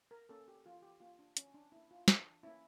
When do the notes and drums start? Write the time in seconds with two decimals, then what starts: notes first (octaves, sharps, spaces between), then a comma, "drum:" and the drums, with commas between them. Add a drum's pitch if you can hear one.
0.11 A#4
0.29 A#3 C#4 A4
0.48 G4
0.65 E3 F4
0.82 G4
1.00 A#3 C#4 F4
1.19 D4
1.37 E3 C#4, drum: hi-hat
1.54 D4
1.72 A#3 C#4 E4
1.91 F4
2.08 E3 D4, drum: snare
2.43 A#3 C#4 E4